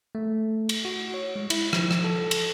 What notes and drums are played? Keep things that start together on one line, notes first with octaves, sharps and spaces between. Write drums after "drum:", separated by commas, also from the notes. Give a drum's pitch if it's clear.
A3
drum: cymbal
F#4
C#5
G#3
E4, drum: cymbal
F3, drum: rim click
drum: rim click
A4
drum: cymbal